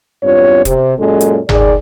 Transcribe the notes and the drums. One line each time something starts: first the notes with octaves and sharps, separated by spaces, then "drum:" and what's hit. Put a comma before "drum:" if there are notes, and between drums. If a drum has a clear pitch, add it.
E2 G2 C4 F4 C#5
C3, drum: kick, hi-hat
F#2 A#2 G#3 C#4 A4
drum: hi-hat
D#3 G#4 D5, drum: tom G1